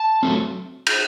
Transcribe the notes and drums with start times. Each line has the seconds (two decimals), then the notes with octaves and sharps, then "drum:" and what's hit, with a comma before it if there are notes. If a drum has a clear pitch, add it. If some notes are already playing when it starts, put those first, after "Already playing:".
Already playing: A5
0.23 F#3 A3 C4
0.87 drum: cymbal